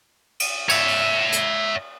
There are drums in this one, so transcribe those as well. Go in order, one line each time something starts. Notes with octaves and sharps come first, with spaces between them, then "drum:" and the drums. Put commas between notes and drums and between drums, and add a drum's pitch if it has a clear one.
drum: cymbal
C#5 E5, drum: cymbal
drum: open hi-hat
drum: hi-hat